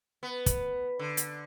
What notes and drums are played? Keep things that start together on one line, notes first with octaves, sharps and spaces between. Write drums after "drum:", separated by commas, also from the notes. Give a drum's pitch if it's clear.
B3
drum: kick, hi-hat
D3
drum: hi-hat